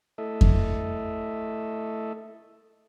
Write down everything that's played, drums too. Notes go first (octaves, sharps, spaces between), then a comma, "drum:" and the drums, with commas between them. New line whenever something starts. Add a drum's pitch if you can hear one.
A3 E4 A4 D#5 E5
drum: kick F2